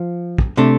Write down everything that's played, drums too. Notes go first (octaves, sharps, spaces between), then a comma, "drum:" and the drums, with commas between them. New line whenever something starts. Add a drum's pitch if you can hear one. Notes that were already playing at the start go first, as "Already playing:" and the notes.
Already playing: F3
drum: kick
C3 A3 D4